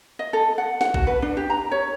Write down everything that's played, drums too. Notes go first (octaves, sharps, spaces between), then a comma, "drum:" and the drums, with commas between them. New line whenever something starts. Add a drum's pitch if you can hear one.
D#5
A4
F#5
F#5, drum: snare
F#4, drum: kick
B4
D4
G4
A#5
C#5